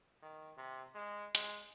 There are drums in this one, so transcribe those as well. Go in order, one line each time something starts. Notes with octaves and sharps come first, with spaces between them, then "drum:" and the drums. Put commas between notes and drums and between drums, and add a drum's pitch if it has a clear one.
D#3
C3
G#3
G#3, drum: hi-hat